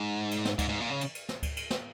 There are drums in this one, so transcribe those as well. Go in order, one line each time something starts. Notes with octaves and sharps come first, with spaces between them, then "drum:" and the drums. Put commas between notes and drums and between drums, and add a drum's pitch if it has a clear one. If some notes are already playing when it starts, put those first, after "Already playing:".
Already playing: G#2
drum: cymbal
drum: snare
G#2, drum: kick D2, cymbal
G#2
A#2
C#3
drum: cymbal
drum: cymbal
drum: snare
drum: kick D2, cymbal
drum: cymbal
drum: snare